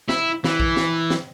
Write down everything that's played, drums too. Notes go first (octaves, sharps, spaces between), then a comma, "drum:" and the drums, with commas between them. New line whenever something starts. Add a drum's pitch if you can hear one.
E4, drum: snare
E3, drum: snare
drum: kick A#1
drum: snare
drum: snare